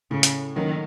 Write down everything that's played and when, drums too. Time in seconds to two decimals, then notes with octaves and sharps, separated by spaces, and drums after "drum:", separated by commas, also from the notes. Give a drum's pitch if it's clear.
0.11 A2 C#3
0.23 drum: hi-hat
0.56 D#3 F#3 A#3 C#4